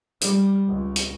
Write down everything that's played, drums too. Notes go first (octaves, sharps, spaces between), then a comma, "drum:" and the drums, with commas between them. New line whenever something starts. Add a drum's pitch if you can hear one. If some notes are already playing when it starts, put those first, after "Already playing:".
G3, drum: hi-hat
C#2
drum: hi-hat